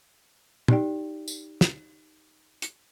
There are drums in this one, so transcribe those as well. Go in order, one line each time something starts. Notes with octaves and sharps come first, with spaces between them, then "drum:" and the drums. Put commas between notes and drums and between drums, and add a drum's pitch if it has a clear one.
D#4 G4 D5 G5, drum: tom
drum: tambourine
drum: snare
drum: hi-hat